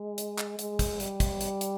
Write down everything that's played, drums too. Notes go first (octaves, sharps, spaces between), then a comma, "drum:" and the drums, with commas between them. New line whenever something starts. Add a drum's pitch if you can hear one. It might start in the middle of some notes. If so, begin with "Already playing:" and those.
Already playing: G#3
drum: hi-hat
drum: clap
G#3, drum: hi-hat
drum: kick, hi-hat
G3, drum: hi-hat
drum: kick, hi-hat
drum: hi-hat
drum: hi-hat